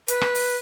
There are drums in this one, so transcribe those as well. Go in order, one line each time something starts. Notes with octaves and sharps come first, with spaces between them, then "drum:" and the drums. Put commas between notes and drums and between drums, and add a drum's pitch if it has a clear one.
B4, drum: hi-hat
drum: rim click
drum: open hi-hat